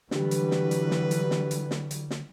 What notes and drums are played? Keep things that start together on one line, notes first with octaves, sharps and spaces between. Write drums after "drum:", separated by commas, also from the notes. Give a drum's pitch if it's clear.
D3 E3 F#3 G3 D4 G4 B4, drum: snare
drum: hi-hat
drum: snare
drum: hi-hat
drum: snare
drum: hi-hat
drum: snare
drum: hi-hat
drum: snare
drum: hi-hat
drum: snare